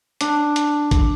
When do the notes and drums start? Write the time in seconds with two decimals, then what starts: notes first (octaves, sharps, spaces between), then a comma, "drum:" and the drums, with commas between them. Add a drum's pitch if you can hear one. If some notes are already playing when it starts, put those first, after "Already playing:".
0.21 D4, drum: hi-hat
0.56 drum: hi-hat
0.91 drum: kick B1, hi-hat